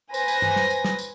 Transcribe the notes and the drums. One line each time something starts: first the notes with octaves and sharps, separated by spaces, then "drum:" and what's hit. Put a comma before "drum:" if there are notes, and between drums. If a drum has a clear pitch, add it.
B4 C5 G#5 A#6, drum: tambourine
drum: tambourine
drum: tom
drum: snare
drum: tambourine
drum: snare
drum: tambourine